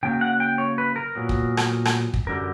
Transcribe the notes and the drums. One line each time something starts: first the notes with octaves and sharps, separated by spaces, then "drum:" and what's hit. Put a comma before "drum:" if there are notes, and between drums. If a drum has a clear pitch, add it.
C#3 F#3 A#3 G5
F#5
G5
C#5
B4
A#4
A#2 F#3 B3
drum: kick
drum: rim click
drum: rim click
drum: kick
F#2 D3 G3 A#4